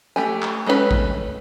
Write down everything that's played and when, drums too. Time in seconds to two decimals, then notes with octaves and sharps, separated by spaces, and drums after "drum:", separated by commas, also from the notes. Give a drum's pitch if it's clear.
0.16 A3 G4 G#5
0.42 drum: clap
0.66 G#3 A3 C#4 F#4 B4
0.91 drum: kick A#1